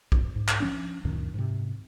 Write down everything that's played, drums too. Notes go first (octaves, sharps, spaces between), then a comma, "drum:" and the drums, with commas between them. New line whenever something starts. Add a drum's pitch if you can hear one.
D1 G2, drum: kick
G#2
drum: clap
F3 C#4 D4
C#2 F#2 A#2 D#3
G#2 C3